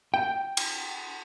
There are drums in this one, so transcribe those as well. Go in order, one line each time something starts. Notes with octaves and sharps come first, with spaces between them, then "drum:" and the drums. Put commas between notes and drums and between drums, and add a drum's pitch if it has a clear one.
G5
drum: cymbal